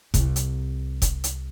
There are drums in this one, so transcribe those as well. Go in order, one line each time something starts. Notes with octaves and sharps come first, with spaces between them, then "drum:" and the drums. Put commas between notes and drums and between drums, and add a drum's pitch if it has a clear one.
C2 C3, drum: kick F1, hi-hat
drum: hi-hat
drum: kick F1, hi-hat
drum: hi-hat